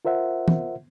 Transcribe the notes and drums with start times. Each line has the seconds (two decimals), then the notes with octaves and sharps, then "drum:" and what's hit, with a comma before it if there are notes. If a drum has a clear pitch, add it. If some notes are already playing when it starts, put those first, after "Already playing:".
0.05 F4 A#4 C5 E5 F#5
0.48 drum: tom